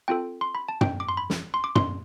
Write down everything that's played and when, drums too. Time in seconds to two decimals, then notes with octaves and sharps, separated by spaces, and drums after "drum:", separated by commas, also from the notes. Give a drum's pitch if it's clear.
0.08 C4 F4 A4 G5
0.41 C6
0.55 B5
0.69 A5
0.81 G5, drum: tom
1.00 D6
1.09 C6
1.17 B5
1.30 drum: snare
1.54 C6
1.64 D6
1.75 C6, drum: tom